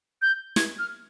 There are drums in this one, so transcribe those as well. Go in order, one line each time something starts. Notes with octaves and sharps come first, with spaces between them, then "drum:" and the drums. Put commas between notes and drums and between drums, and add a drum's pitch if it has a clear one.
G6
G#6, drum: snare
F6